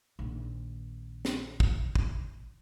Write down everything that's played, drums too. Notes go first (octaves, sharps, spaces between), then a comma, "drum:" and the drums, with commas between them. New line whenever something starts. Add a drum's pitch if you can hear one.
A#1 D#3
drum: snare
drum: kick
drum: kick